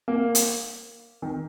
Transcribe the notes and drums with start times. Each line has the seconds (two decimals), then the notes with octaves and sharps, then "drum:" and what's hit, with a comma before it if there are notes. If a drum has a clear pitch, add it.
0.08 A#3
0.35 drum: hi-hat
1.22 D#3